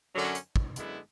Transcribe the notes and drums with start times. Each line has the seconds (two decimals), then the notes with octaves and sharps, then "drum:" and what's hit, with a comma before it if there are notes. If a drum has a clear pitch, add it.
0.14 F#2 D3 F#3 C#4 F#4
0.35 drum: hi-hat
0.56 drum: kick
0.76 F#2 D3 G#3 B3 E4, drum: hi-hat